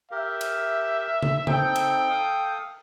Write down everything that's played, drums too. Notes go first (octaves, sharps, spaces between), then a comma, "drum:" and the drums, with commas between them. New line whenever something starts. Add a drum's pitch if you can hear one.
G4 A#4 E5
drum: cymbal
drum: tom C#3
C4 D#4 A4 G5, drum: tom C#3
drum: cymbal
A4 F5 D#6